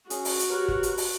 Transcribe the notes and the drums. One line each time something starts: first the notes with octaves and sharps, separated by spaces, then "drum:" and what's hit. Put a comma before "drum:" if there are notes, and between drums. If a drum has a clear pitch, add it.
C#4 F#4 G#4, drum: hi-hat
drum: open hi-hat
drum: hi-hat
G4 A#4 B4 C#5
drum: kick
drum: hi-hat
drum: open hi-hat